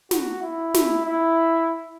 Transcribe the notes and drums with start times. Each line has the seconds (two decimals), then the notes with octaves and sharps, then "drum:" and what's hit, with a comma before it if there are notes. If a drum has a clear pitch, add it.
0.11 F#4, drum: snare
0.42 E4
0.74 drum: snare
1.06 E4